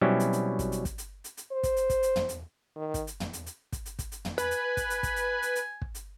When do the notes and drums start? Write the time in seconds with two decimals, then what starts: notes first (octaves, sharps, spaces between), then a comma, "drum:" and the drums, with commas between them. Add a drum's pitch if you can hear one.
0.01 B2 F#3 G3 C4 C#4 E4
0.20 drum: hi-hat
0.33 drum: hi-hat
0.59 drum: kick, hi-hat
0.72 drum: hi-hat
0.85 drum: kick, hi-hat
0.98 drum: hi-hat
1.24 drum: hi-hat
1.37 drum: hi-hat
1.52 C5
1.63 drum: kick, hi-hat
1.76 drum: hi-hat
1.90 drum: kick, hi-hat
2.03 drum: hi-hat
2.16 drum: tom
2.29 drum: hi-hat
2.76 D#3
2.94 drum: kick, hi-hat
3.07 drum: hi-hat
3.20 drum: tom
3.33 drum: hi-hat
3.46 drum: hi-hat
3.72 drum: kick, hi-hat
3.86 drum: hi-hat
3.99 drum: kick, hi-hat
4.12 drum: hi-hat
4.25 drum: tom
4.38 B4 G#5, drum: hi-hat
4.51 drum: hi-hat
4.77 drum: kick, hi-hat
4.90 drum: hi-hat
5.03 drum: kick, hi-hat
5.16 drum: hi-hat
5.42 drum: hi-hat
5.55 drum: hi-hat
5.82 drum: kick
5.95 drum: hi-hat